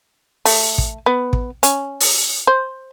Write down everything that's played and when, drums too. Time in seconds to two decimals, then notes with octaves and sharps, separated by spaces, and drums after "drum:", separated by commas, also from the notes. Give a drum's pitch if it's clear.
0.45 A3, drum: open hi-hat
0.78 drum: kick
1.06 B3
1.33 drum: kick
1.63 C#4, drum: hi-hat
2.00 drum: open hi-hat
2.47 C5